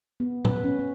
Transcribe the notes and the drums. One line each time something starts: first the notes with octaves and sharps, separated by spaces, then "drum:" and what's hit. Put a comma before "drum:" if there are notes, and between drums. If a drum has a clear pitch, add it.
B3
B4, drum: tom
C#4
C#4